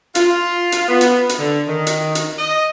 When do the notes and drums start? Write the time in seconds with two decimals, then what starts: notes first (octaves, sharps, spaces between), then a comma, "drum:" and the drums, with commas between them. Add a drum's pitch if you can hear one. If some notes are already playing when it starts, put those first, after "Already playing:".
0.15 F4, drum: hi-hat
0.72 drum: hi-hat
0.89 B3
1.01 drum: hi-hat
1.29 drum: hi-hat
1.38 D3
1.68 D#3
1.87 drum: hi-hat
2.15 drum: hi-hat
2.39 D#5